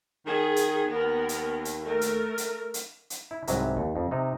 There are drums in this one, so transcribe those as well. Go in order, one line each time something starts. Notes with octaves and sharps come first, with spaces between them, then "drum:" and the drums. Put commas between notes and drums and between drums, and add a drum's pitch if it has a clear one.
D#3 G#4
drum: hi-hat
D#2 B3 A#4
drum: hi-hat
drum: hi-hat
A3 A#4
drum: hi-hat
drum: hi-hat
drum: hi-hat
drum: hi-hat
E4
C2 G#2 C3 F#3 G3 E5, drum: hi-hat
D#2
F2
C3 D#4